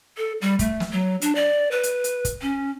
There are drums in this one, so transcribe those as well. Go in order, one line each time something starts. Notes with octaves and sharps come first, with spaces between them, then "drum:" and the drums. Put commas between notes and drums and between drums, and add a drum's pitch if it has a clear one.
A4
G3
A3, drum: kick, hi-hat
drum: snare
F#3
D4, drum: hi-hat
D5
B4
drum: hi-hat
drum: hi-hat
drum: kick, hi-hat
C#4